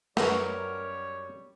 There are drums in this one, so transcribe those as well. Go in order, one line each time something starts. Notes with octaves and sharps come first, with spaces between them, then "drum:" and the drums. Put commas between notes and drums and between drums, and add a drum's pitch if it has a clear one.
F#2 F#3 G3 A3 B3 F#4 A#4 C#5, drum: snare